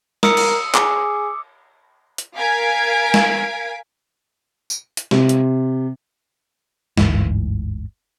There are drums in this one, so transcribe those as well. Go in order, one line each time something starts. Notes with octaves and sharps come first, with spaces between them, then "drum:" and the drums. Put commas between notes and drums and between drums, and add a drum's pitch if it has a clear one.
A#4 D#6 E6 C#7, drum: snare
drum: cymbal
G#4 D6, drum: clap
drum: hi-hat
A#4 F5 G#5 G#6 B6 D7
drum: snare
drum: tambourine
drum: hi-hat
C3, drum: snare
drum: hi-hat
G1 D2 G#2 E3, drum: snare